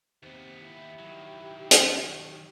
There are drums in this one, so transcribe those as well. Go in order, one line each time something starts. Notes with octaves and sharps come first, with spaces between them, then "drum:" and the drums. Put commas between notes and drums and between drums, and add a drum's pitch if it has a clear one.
D#2 C3 B3
E4 G4
D#3 F#3
F3, drum: hi-hat